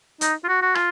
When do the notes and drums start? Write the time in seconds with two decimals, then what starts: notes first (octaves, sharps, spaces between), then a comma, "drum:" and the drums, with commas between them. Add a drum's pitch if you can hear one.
0.21 D#4, drum: hi-hat
0.44 F4
0.48 F#4
0.62 F#4
0.75 F4, drum: rim click